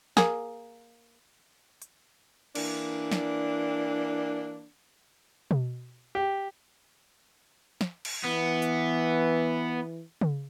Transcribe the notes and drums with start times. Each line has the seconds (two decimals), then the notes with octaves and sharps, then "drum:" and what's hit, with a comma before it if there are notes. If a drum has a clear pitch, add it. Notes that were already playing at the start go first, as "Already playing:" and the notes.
0.17 A#3 G#4, drum: snare
1.82 drum: hi-hat
2.55 E3 A#3 D4, drum: cymbal
3.12 drum: snare
5.51 drum: tom B2
6.15 G4
7.81 drum: snare
8.05 drum: cymbal
8.25 E3 B3
8.62 drum: hi-hat
10.21 drum: tom C#3